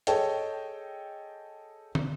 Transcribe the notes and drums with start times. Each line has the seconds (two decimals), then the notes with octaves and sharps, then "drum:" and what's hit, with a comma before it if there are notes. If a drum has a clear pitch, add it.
0.07 G#4 A4 C#5 D#5 G5 A5, drum: hi-hat
1.95 drum: tom